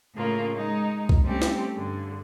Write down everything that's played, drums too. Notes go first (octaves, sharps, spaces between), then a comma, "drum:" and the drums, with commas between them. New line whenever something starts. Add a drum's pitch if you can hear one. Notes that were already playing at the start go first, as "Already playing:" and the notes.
A2 C#3 A3 A#3 F4
G#3 D#4
drum: kick C2
G3 A3 C4 C#4 G4
drum: snare
G2 D3